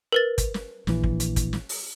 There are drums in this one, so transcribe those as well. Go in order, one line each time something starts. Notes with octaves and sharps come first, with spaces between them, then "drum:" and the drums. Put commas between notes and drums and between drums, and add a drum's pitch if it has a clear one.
A#4 B4 A6
drum: kick, hi-hat
drum: snare
A#1 E3, drum: snare
drum: kick
drum: hi-hat
drum: kick, hi-hat
drum: snare
drum: open hi-hat